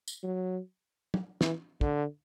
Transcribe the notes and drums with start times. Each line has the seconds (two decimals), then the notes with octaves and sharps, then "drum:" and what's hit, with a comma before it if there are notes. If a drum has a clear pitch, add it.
0.08 drum: tambourine
0.23 F#3
1.14 drum: tom
1.41 E3, drum: snare
1.81 D3, drum: kick